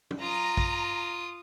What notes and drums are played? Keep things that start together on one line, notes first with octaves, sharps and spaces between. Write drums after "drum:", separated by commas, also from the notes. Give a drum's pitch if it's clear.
drum: tom
F4 A#5 D#6
drum: kick